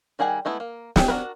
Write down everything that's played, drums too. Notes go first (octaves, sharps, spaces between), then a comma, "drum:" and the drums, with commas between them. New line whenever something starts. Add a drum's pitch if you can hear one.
D#3 G3 G#4 F#5 G#5
G#3 A3 B3 E4
A#3
C#4 G5, drum: snare
D4 F#4 A#4 B4